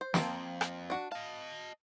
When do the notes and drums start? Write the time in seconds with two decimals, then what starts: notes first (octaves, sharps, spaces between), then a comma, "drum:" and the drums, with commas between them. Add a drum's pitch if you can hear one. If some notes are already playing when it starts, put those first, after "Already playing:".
0.01 C5
0.14 F2 A#3 C4 A5, drum: snare
0.61 drum: rim click
0.90 D4 F#4
1.12 D#5 F5 A5